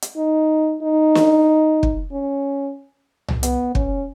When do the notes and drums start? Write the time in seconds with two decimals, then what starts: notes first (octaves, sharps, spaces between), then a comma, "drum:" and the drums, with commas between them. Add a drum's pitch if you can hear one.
0.02 drum: hi-hat
0.17 D#4
0.82 D#4
1.15 drum: snare
1.83 drum: kick
2.12 C#4
3.28 drum: tom C2
3.43 B3, drum: hi-hat
3.75 C#4, drum: kick